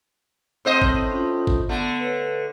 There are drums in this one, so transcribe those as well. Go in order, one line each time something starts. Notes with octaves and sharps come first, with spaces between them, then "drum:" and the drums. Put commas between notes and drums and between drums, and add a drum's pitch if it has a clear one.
A2 C4 C5 D#5
drum: kick G#1
C#4 F4
drum: kick G#1
D3 A3 B3 A5
B4 C#5